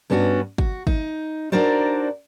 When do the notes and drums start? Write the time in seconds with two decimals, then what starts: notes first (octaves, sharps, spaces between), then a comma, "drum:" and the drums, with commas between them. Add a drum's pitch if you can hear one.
0.10 G2 B3 C#4 D4 F#4
0.58 F#4, drum: kick
0.87 D#4, drum: kick
1.52 D4 D#4 F#4 A#4 C5 D5